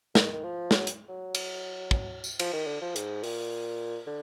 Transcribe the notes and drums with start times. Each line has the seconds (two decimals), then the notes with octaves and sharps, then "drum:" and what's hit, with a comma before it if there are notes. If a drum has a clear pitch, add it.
0.15 D#3, drum: snare
0.33 D#3
0.44 F3
0.71 F#3, drum: snare
0.87 drum: hi-hat
1.09 F#3
1.35 drum: cymbal
1.91 drum: kick
2.24 drum: tambourine
2.39 F3, drum: cymbal
2.53 D#3
2.67 D3
2.81 F3
2.96 G#2, drum: hi-hat
3.24 A#2, drum: open hi-hat
4.07 D3